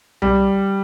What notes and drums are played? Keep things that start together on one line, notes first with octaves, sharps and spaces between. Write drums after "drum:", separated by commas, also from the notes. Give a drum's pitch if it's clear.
G3, drum: tom B1